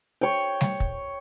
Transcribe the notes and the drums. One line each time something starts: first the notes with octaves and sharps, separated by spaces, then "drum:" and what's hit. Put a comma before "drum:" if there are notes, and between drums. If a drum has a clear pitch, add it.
C#5 G5
drum: snare G3
drum: kick